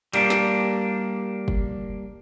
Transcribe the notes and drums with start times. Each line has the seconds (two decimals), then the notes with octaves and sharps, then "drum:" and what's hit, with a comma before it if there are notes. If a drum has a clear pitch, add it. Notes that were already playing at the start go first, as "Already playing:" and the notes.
0.13 G3 A#3 D4, drum: cymbal
0.30 drum: snare
1.48 drum: kick